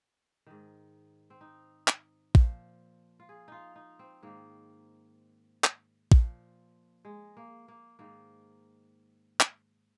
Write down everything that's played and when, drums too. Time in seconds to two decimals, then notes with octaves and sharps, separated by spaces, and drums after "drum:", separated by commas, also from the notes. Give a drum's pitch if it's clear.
0.46 G#2 D#3
1.30 C4
1.41 D#4
1.88 drum: clap
2.35 A#2 F3, drum: kick
3.20 F4
3.29 G#4
3.48 D#4 F4
3.76 D#4
3.99 C4
4.23 G#2 D#3 A#3
5.64 drum: clap
6.12 A#2 F3, drum: kick
7.05 G#3
7.37 A#3
7.68 A#3
7.99 G#2 D#3 A#3
9.40 drum: clap